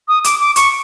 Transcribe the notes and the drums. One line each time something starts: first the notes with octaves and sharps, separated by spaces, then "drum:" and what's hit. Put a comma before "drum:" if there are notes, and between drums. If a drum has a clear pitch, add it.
D#6
D6, drum: hi-hat
D6
C#6, drum: hi-hat